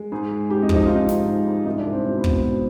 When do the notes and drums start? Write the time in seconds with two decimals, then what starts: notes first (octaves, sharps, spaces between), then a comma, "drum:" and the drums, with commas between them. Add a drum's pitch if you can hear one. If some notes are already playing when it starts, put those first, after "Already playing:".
Already playing: G#3
0.12 G#2 G#4
0.31 G#3
0.50 G#2 G4
0.63 D#4
0.69 F3, drum: kick
0.76 D#4
0.86 G#2 F4
0.95 D#4
1.09 G#2, drum: snare
1.27 G#2
1.47 G#2
1.65 C2 D#4
1.79 D4
1.86 C2
1.92 C4
2.04 B2 C4
2.17 B3
2.24 B2, drum: kick
2.31 C4
2.43 B2